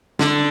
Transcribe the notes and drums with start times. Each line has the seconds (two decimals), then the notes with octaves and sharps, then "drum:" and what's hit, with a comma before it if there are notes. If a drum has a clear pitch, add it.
0.19 D3, drum: snare